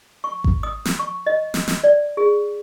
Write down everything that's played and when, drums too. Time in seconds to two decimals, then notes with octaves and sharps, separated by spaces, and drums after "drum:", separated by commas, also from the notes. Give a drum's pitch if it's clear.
0.24 C#6
0.44 drum: kick G#1
0.63 D#6
0.85 drum: snare
0.99 C#6
1.26 D#5
1.54 drum: snare
1.68 drum: snare
1.84 D5
2.17 G#4